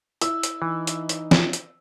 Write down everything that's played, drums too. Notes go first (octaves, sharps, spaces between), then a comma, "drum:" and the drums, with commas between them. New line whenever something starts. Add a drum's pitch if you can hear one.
E4 E6, drum: hi-hat
drum: hi-hat
E3 D#4
drum: hi-hat
drum: hi-hat
drum: snare
drum: hi-hat